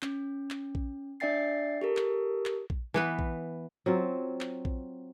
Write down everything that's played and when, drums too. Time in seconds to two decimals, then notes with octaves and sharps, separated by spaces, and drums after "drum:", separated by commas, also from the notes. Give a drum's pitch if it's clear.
0.02 C#4, drum: clap
0.50 drum: clap
0.75 drum: kick A#1
1.20 D4 D5 E5 G5 A6 C7
1.81 G4 A4 A#4
1.97 drum: clap
2.46 drum: clap
2.70 drum: kick A#1
2.94 E3 B3 B4
3.19 drum: kick A#1
3.86 F#3 C4 F4
4.41 drum: clap
4.65 drum: kick A#1